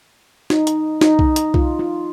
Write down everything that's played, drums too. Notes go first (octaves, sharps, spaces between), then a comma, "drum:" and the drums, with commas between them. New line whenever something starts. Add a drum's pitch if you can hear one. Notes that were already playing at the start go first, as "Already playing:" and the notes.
D#4, drum: snare
drum: hi-hat
D#4, drum: snare
drum: kick C2
drum: hi-hat
F4, drum: kick C2
F4